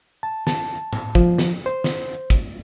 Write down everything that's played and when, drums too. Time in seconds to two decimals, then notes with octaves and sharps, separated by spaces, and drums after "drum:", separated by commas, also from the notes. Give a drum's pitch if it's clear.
0.23 A5
0.47 A5, drum: snare
0.93 drum: tom A2
1.15 F3, drum: kick
1.38 drum: snare
1.66 C5
1.84 drum: snare
2.30 drum: kick, hi-hat